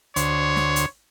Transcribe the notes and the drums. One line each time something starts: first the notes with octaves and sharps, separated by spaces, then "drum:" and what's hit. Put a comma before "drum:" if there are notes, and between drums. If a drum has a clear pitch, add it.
D2 C5 C#5, drum: hi-hat
drum: snare
drum: hi-hat